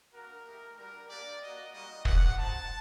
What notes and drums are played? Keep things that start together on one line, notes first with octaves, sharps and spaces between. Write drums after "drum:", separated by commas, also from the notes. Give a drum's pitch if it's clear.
A#3 D4 F#4 A#4
A3 D#4 G4
G3 D4 F#4 A#4
A#3 D4 G4 D5
A#3 F#4 D#5
G3 A#3 D#4 F#4 D#5
C4 G4 F#5, drum: kick
C4 D#4 F#4 A5